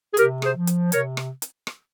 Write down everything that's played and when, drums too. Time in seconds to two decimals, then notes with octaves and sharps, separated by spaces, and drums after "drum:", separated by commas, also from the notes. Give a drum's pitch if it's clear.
0.12 G#4
0.17 C3 G4 A#4, drum: hi-hat
0.42 G#4 C5, drum: rim click
0.55 F3
0.67 drum: hi-hat
0.92 C3 A#4 C#5, drum: hi-hat
1.17 drum: rim click
1.42 drum: hi-hat
1.67 drum: rim click